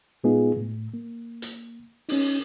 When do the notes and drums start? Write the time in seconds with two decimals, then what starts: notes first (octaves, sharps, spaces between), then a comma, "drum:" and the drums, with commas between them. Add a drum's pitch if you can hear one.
0.24 A#2 G#3 B3 D#4 F4 G#4
0.57 A2
0.94 A#3
1.42 drum: hi-hat
2.09 C#4 D#4, drum: open hi-hat